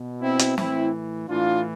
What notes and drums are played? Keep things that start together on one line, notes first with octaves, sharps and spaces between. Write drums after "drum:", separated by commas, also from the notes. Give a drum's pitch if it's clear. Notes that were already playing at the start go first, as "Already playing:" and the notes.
Already playing: B2
C4 E4
drum: hi-hat
A2 E3 C4 E4, drum: snare
A2 E3 D4 F4